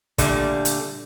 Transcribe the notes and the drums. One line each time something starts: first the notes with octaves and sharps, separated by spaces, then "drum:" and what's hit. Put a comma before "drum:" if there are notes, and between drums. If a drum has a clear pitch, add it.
A#2 D3 G3 A3 D4, drum: kick, hi-hat
drum: hi-hat